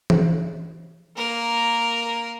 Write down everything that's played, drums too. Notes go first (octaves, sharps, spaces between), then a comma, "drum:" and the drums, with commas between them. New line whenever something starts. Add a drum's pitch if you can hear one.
drum: tom E3
A#3 A#4